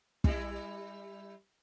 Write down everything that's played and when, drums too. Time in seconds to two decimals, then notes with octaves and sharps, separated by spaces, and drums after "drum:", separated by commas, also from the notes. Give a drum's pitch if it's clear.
0.24 G3 E4, drum: kick